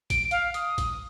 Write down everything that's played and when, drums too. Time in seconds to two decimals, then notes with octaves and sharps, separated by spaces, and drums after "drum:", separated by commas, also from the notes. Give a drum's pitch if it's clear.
0.10 D7, drum: kick A#1, hi-hat
0.31 F5, drum: hi-hat
0.54 D#6, drum: hi-hat
0.78 drum: kick A#1, hi-hat